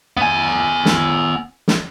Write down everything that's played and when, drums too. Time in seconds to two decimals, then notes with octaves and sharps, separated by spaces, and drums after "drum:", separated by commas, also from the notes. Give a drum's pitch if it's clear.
0.17 B3 G#5
0.85 drum: snare
1.68 drum: snare